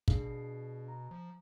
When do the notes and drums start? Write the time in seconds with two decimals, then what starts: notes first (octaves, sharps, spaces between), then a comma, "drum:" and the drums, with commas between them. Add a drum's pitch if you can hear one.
0.08 B2 D4 G#4 F5, drum: kick
0.88 A#5
1.11 F3